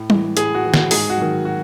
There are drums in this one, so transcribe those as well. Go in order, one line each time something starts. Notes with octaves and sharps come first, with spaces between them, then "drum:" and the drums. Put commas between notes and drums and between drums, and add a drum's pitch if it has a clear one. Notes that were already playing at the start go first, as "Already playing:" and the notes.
Already playing: A2
E3, drum: tom G3
A2 G#4, drum: hi-hat
F#4
E3
F#4, drum: snare
G#2 G#4, drum: open hi-hat
F#4
D#3 F#3
F#4